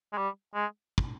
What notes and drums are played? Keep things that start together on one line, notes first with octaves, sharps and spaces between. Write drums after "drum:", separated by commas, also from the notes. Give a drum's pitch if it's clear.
G#3
G3
G#3
drum: kick